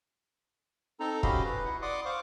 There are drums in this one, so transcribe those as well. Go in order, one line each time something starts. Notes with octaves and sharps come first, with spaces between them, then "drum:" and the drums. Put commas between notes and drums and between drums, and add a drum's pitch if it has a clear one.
C4 D#4 A4 A#5
C#4 F#4 G4 D#5 F5 B5, drum: kick
B4
E4 F#5
D5 F#5 C6 D6 D#6
C5 F5 C#6 D6